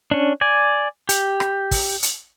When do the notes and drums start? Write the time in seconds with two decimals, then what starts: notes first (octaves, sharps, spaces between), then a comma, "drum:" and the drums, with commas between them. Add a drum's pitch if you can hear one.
0.11 C#4 D4
0.41 D5 G#5
1.09 G4, drum: hi-hat
1.40 drum: rim click
1.71 drum: kick, open hi-hat
2.03 drum: hi-hat